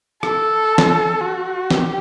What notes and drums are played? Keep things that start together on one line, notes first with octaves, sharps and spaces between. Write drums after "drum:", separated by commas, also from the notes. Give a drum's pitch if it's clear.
A4, drum: rim click
drum: snare
F#4
G4, drum: snare